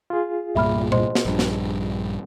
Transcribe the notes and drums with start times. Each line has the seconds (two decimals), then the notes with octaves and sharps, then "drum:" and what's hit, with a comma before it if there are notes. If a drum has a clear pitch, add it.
0.10 F4 G#4
0.55 C2 G2 A#2 E5 B5 F6
0.92 C5 D#5 C6, drum: tom A#2
1.15 drum: snare
1.25 A#1 G2
1.39 drum: snare